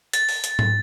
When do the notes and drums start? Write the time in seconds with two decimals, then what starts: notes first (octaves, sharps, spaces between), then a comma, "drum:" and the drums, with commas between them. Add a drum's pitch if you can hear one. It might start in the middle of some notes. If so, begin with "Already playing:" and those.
0.13 A6, drum: hi-hat
0.29 drum: open hi-hat
0.44 drum: hi-hat
0.59 drum: tom G#2